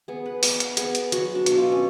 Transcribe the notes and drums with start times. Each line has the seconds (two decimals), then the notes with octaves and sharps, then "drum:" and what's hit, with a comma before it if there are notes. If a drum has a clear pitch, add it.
0.08 B3 G#4
0.26 B4
0.43 B3 B4, drum: open hi-hat
0.60 drum: hi-hat
0.77 B3 G#4, drum: hi-hat
0.95 drum: hi-hat
1.12 F#3 F#4, drum: hi-hat
1.35 D4
1.46 B2, drum: hi-hat
1.57 F4
1.72 C#4